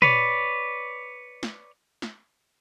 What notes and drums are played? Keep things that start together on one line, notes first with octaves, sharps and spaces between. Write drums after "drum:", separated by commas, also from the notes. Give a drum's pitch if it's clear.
B4 C#5 D5, drum: tom
drum: snare
drum: snare